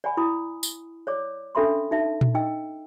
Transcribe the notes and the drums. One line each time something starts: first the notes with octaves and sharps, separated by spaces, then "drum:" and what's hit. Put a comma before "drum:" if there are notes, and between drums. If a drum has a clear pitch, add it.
D5 F#5 G#5 B5
E4 B5 D#6
drum: tambourine
C#5 D5 D6
C#4 D4 A4 E5 B5 C6
D#4 E5 A5
drum: tom A#2
D#4 D#5 G5 E6